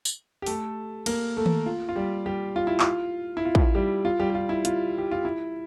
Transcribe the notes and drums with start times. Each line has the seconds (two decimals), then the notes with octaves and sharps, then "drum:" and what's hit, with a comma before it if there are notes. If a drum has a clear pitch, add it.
0.05 drum: tambourine
0.42 G4
0.46 A3 A4, drum: open hi-hat
1.06 A#3 A#4, drum: cymbal
1.37 A3 A4
1.46 drum: tom D#3
1.66 F4
1.89 F4
1.96 G3 G4
2.26 G3 G4
2.56 F4
2.67 E4
2.80 F4, drum: clap
3.37 E4
3.45 F4
3.55 drum: kick
3.75 G3 G4
4.05 F4
4.19 G3 G4
4.30 G4
4.35 F4
4.49 E4
4.65 F4, drum: hi-hat
4.98 G4
5.11 F4
5.25 E4